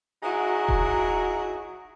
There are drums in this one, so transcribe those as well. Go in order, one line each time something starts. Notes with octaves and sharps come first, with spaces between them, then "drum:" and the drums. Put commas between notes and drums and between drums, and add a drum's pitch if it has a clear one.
F#3 D#4 E4 F#4 G#4
drum: kick E1